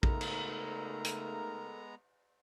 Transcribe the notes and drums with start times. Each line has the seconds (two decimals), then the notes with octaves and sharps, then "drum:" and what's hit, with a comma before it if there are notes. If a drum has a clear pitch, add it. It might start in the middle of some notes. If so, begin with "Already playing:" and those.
0.03 C#3 G#3 A3 B3 D#4 A4 A#4 A#5, drum: kick A#1
0.21 drum: cymbal
1.04 drum: hi-hat